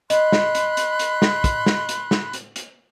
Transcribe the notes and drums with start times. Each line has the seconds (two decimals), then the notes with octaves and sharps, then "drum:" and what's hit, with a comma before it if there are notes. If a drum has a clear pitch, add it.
0.10 D#5 B5 C6 F#6, drum: hi-hat
0.32 drum: snare
0.55 drum: hi-hat
0.77 drum: hi-hat
0.99 drum: hi-hat
1.22 drum: snare
1.44 drum: kick, hi-hat
1.66 drum: snare
1.89 drum: hi-hat
2.11 drum: snare
2.33 drum: hi-hat
2.56 drum: hi-hat